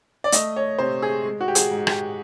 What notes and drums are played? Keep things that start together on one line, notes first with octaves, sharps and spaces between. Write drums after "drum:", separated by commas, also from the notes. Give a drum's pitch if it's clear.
D5
A3 D#5, drum: hi-hat
C#5
C3 C5
G#4
G#3
F#4
G4
G#4, drum: hi-hat
G#2
G4, drum: rim click